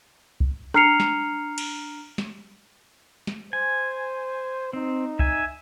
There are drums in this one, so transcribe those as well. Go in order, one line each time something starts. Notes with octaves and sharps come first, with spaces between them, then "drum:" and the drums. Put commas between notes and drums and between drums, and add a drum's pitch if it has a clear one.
drum: kick
D4 A#5 F6 C7 C#7 F7, drum: rim click
drum: snare
drum: cymbal
drum: snare
drum: snare
C5 G#5
C4 D#4
E5 G#5, drum: kick